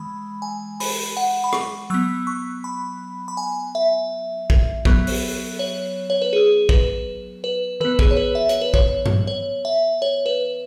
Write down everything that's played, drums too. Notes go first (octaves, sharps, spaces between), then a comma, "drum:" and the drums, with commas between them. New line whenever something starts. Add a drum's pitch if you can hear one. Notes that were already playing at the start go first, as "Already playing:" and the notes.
Already playing: E3 G#3 B5
G#5
B5, drum: open hi-hat
F#5
B5
C#6, drum: rim click
F#3 B3 E6
C#6
B5
B5
G#5
E5
drum: kick
F#3 B3, drum: kick
drum: open hi-hat
C#5
C#5
B4
G#4
B4, drum: kick
B4
E3 B3 B4
G#4, drum: kick
C#5
B4
E5
C#5, drum: hi-hat
B4
C#5, drum: kick
drum: tom G2
C#5
E5
C#5
B4